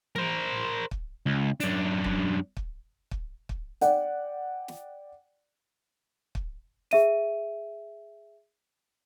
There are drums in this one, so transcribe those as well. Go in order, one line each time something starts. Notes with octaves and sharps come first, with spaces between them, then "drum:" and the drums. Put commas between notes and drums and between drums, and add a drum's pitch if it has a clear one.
A#4 C5, drum: tom E3
drum: kick
C#2
F#2 D4, drum: hi-hat
drum: kick
drum: kick
drum: kick
drum: kick
D5 F#5 G5, drum: hi-hat
drum: snare
drum: kick
G#4 E5 D#7, drum: snare